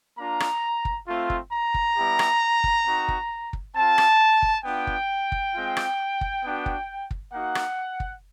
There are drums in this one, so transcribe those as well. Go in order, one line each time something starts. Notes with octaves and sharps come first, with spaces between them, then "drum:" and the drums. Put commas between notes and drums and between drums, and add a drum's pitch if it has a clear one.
A#3 D4 F4 A#5
drum: rim click
drum: kick
A3 C4 F4
drum: kick
A#5
drum: kick
G3 B3 E4 G4
drum: rim click
drum: kick
C4 D#4 F#4
drum: kick
drum: kick
C4 F4 A5
drum: rim click
drum: kick
B3 D4 F4 G5
drum: kick
drum: kick
G#3 C4 F4
drum: rim click
drum: kick
B3 D4 F#4
drum: kick
drum: kick
A#3 D#4 F#4 F#5
drum: rim click
drum: kick